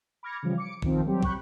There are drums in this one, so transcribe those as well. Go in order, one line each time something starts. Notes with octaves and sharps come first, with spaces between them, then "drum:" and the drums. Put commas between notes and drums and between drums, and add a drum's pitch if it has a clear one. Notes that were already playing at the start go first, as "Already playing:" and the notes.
B5 D6 F6 G#6 A#6 C#7
C#3 E3 F3 G3
D6 C#7 D7
A#1 D#3 F3 C4, drum: kick
F#3 G3 C4 G4
B5 C#6 F#6 G6, drum: kick